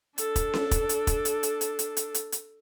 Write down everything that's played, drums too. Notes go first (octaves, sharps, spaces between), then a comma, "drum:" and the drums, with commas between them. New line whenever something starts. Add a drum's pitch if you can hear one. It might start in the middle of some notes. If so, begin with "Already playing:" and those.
D4 A4, drum: hi-hat
drum: kick, hi-hat
drum: snare C#4
drum: kick, hi-hat
drum: hi-hat
drum: kick, hi-hat
drum: hi-hat
drum: hi-hat
drum: hi-hat
drum: hi-hat
drum: hi-hat
drum: hi-hat
drum: hi-hat